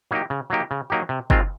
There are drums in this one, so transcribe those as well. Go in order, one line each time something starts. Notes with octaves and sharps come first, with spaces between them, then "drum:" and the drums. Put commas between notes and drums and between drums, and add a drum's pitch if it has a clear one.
F#3 A#3 D#4 G4
C#3
F#3 A#3 D#4 G4
C#3
F#3 A#3 D#4 G4
C3
D#3 G#3 C4 F4, drum: kick